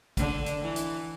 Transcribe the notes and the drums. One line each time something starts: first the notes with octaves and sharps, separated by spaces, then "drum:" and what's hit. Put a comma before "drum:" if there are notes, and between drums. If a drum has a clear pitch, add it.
D3, drum: kick, hi-hat
drum: hi-hat
E3
drum: hi-hat